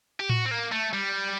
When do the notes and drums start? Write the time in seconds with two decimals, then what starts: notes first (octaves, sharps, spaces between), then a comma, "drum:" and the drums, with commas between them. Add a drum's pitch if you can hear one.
0.20 G4
0.30 F#4, drum: tom A2
0.46 C4
0.51 A#3
0.72 A3
0.93 G3